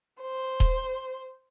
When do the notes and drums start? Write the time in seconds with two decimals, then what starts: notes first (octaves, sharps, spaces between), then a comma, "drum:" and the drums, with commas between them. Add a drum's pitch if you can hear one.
0.21 C5
0.60 drum: kick D#1